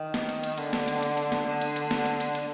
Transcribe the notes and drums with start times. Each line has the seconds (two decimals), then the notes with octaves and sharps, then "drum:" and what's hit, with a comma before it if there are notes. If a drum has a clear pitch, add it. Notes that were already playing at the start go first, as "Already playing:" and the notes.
Already playing: D#3
0.14 drum: snare
0.29 drum: hi-hat
0.44 drum: hi-hat
0.58 D3, drum: hi-hat
0.73 drum: snare
0.88 drum: hi-hat
1.02 drum: hi-hat
1.17 drum: hi-hat
1.32 drum: snare
1.47 D3
1.61 drum: hi-hat
1.76 drum: hi-hat
1.91 drum: snare
2.06 drum: hi-hat
2.20 drum: hi-hat
2.35 drum: hi-hat